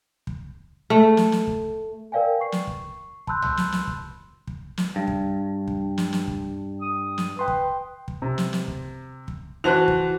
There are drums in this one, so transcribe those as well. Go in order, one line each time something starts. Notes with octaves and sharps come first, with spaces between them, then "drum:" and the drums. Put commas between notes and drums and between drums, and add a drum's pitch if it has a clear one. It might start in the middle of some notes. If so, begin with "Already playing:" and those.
drum: kick
A3
drum: snare
drum: snare
drum: kick
A#4 B4 D5 F5 G5 G#5
C#6 C7
drum: snare
drum: kick
A5 B5 C6 E6 F#6 G6, drum: kick
drum: tom
drum: snare
drum: snare
drum: kick
drum: kick
drum: snare
G2
drum: kick
drum: kick
drum: snare
drum: snare
drum: kick
D#6
drum: snare
B4 G5 C6 D#6
drum: kick
drum: kick
C3
drum: snare
drum: snare
drum: kick
drum: kick
E3 F#4 C5 A5 F#6 F7
drum: kick